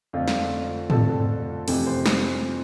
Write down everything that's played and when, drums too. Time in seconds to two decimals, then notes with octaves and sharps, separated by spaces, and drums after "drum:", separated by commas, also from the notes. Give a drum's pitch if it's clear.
0.13 F2 D3 A3 C4 F4
0.28 drum: snare
0.90 F2 D3 A3 C4 A4, drum: tom
1.68 F2 C3 E3 A3, drum: open hi-hat
1.87 C5
2.06 drum: snare